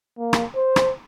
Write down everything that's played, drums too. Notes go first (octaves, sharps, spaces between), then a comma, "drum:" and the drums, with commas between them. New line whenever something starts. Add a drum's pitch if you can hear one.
A#3
drum: rim click
C5
drum: rim click